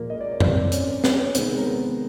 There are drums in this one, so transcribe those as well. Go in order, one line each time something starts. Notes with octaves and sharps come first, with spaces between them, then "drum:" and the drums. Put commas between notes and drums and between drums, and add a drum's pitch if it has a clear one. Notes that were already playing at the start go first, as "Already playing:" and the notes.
Already playing: A#2 F3 G#3 A#3 A#4
D#5
D5
C#5
C4 C5, drum: tom F2
C#4 C#5, drum: hi-hat
C#4 C#5, drum: snare
C#5
C3 D#3 G#3 B3 C4 C5, drum: hi-hat
A#4
B3 B4